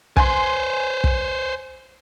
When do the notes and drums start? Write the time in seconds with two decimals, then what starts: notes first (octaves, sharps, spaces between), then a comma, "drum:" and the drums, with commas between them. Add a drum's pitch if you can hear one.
0.17 B4 C5 G#5 C6, drum: kick
1.04 drum: kick